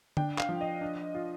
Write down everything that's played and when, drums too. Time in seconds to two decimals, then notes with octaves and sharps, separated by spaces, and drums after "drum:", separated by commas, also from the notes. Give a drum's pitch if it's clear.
0.17 D4 G5, drum: tom D3
0.38 F5, drum: clap
0.49 F3
0.61 D#5
0.81 D4
1.15 F4